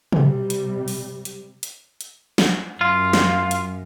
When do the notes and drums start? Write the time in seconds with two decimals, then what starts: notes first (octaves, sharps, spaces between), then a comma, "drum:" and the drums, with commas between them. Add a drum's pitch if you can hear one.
0.12 C3 G3, drum: tom
0.50 drum: hi-hat
0.88 drum: open hi-hat
1.25 drum: hi-hat
1.63 drum: hi-hat
2.01 drum: hi-hat
2.38 drum: snare
2.81 F#2 F4
3.13 drum: snare
3.51 drum: hi-hat